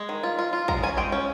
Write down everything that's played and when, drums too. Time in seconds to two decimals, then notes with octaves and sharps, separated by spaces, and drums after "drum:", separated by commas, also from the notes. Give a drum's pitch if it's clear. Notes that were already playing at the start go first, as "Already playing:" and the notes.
Already playing: G#3
0.09 D#3
0.23 F4
0.39 F4
0.53 F4
0.68 G#3 A#5, drum: kick
0.83 C#4 G#5
0.97 G#3 G5
1.12 C#4